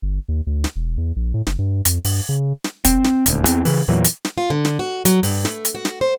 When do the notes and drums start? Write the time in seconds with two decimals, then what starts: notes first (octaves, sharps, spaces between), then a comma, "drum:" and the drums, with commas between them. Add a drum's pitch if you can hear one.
0.02 G1
0.28 D#2
0.47 D2
0.64 drum: snare
0.76 E1
0.98 E2
1.16 A#1
1.34 A2
1.47 F#1, drum: snare
1.59 G2
1.85 F2, drum: hi-hat
2.04 G2, drum: open hi-hat
2.29 C#3
2.64 drum: snare
2.85 C4, drum: kick, hi-hat
3.04 drum: snare
3.26 D#1 D2, drum: hi-hat
3.46 E2 C4, drum: hi-hat
3.65 C#3 E3, drum: open hi-hat
3.88 E2 A#2 E3 F#3
4.05 drum: hi-hat
4.25 drum: snare
4.38 F4
4.50 D3
4.65 drum: snare
4.79 F#4
5.05 F#3, drum: hi-hat
5.23 G2, drum: open hi-hat
5.45 A3, drum: snare
5.65 drum: hi-hat
5.75 F#4
5.85 drum: snare
6.01 C5